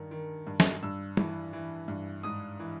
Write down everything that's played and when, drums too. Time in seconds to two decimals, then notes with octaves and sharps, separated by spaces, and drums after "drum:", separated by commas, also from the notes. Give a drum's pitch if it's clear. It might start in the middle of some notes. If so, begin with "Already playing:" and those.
Already playing: G2 D#3
0.11 D#3
0.47 G2
0.60 drum: snare
0.83 G2 E6
1.17 E3, drum: tom
1.53 E3
1.88 G2
2.23 G#2 D#6
2.59 E3